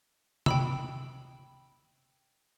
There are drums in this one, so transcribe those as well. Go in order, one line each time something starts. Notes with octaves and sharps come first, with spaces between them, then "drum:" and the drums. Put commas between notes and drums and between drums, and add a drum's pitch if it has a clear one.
G5 B5 E6, drum: tom C3